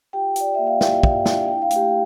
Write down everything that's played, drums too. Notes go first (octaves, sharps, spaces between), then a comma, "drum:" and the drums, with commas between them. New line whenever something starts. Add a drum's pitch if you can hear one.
F4 G4 G5
F4 D5, drum: hi-hat
A#3 E5
F5
F4 G4 G5, drum: snare
F4, drum: kick
D4, drum: snare
E4 G5
F5
A3, drum: hi-hat
G4 G5